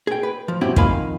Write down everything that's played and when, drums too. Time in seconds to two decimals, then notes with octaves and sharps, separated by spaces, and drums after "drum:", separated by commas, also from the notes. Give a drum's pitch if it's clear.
0.07 G#4 G5
0.23 B4
0.48 F3
0.61 G2 B2 C4 C#4 E4 G4
0.76 F2 D#3 F4 F5 G#5 B5, drum: kick